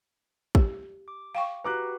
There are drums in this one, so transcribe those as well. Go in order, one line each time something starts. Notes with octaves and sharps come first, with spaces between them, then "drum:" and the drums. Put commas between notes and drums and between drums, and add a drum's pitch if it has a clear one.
G4, drum: kick
D6
F5 G5 C#6
F#4 G4 B4 A#5 D6 F#6